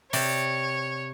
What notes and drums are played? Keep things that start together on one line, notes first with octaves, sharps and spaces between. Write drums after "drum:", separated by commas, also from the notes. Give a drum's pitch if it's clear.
C3 C#5 D5, drum: open hi-hat